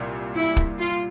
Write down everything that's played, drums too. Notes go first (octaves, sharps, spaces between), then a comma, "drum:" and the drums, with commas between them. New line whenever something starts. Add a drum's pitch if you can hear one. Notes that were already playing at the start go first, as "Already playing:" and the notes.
Already playing: C2 A#2 G3
E4
drum: kick
F4